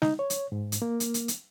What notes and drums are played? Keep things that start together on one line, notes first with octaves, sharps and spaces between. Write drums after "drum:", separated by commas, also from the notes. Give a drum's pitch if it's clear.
D#4, drum: snare
C#5
drum: hi-hat
G#2
drum: hi-hat
A#3
drum: hi-hat
drum: hi-hat
drum: hi-hat